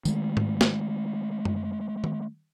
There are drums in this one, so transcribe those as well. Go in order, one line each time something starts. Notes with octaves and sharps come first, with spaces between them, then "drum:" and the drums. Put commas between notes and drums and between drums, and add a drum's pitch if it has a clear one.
D#3 G#3 A3, drum: tambourine
drum: tom G#2
drum: snare
drum: tom F#2
drum: tom D#3